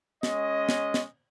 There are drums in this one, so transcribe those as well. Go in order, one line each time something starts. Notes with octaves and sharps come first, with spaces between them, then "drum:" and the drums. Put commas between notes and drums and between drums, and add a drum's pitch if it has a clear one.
G#3 C#4 D#5, drum: snare
drum: snare
drum: snare